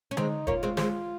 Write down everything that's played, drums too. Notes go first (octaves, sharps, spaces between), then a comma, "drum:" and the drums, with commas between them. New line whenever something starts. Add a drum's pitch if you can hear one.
C#4
G#3 C4 D#4, drum: tom D3
A#3 C#4 F4, drum: kick F1
G#3 C4
G#3 C4, drum: snare